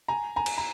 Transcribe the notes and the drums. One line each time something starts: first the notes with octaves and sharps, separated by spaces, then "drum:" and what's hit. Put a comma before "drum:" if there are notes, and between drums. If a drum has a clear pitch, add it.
G#5 A#5
G#5 A#5
drum: cymbal
A#5